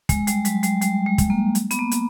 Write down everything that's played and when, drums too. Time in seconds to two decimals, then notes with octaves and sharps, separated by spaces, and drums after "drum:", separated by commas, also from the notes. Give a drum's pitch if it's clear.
0.09 G#3, drum: kick, hi-hat
0.27 G3, drum: hi-hat
0.45 F#3, drum: hi-hat
0.63 G3, drum: hi-hat
0.81 G3, drum: hi-hat
1.06 G#3
1.18 drum: kick, hi-hat
1.30 A#3
1.55 drum: hi-hat
1.71 B3, drum: hi-hat
1.79 A#3
1.91 drum: hi-hat